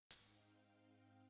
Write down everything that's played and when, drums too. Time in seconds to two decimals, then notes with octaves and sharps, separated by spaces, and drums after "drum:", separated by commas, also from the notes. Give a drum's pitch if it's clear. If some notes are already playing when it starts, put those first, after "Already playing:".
0.11 G#2 C4 D#4 F5 G5 F6, drum: hi-hat